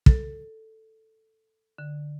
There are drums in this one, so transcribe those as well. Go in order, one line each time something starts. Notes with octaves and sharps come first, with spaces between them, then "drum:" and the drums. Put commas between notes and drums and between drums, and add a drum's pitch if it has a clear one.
A4, drum: kick
D3